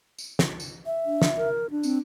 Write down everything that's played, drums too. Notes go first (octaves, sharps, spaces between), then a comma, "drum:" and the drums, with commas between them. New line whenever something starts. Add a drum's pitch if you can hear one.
drum: tambourine
drum: snare
drum: tambourine
E5
D4
drum: snare
A#4
D4
C4, drum: tambourine